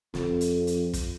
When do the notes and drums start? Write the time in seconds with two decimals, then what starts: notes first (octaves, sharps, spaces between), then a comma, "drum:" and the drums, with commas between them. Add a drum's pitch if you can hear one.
0.14 F2, drum: snare
0.41 drum: hi-hat
0.67 drum: hi-hat
0.93 drum: kick, hi-hat